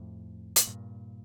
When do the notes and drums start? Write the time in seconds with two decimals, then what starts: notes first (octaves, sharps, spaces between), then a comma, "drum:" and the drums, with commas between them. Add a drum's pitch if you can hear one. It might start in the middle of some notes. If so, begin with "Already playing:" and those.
Already playing: F2 A2
0.56 A2, drum: hi-hat
0.67 G2 A#2